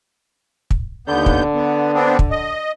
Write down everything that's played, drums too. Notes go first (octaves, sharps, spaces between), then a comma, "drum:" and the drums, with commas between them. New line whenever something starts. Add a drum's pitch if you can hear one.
drum: kick
D#2 D3 B3 G6
drum: kick
B3
B3 C4 D4
drum: kick
D#5